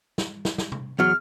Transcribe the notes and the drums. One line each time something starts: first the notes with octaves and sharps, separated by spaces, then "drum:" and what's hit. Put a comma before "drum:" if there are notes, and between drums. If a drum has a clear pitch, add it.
drum: snare
drum: snare
drum: snare
drum: tom C3
E2 F#3 F6